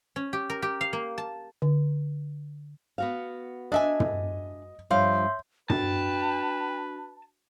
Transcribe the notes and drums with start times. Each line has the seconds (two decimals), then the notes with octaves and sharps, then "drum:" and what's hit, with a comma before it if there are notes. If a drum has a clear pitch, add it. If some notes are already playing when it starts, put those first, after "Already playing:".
0.16 C#4
0.33 G4
0.50 A#4
0.62 G4
0.81 F5
0.93 A#3
1.18 A5
1.62 D3
2.98 B3 F#4 F5
3.72 D4 D#5 E5 G#5
4.00 drum: tom
4.91 G2 F3 C#5 E5 F5 C6 G6
5.70 D4 F#4 B4 G5 A5, drum: tom